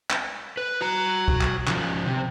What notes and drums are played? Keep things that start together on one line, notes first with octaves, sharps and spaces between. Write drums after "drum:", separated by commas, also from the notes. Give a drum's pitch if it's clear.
drum: clap
B4
F#4 A#5
drum: kick
drum: clap
C#3 F3, drum: clap
C3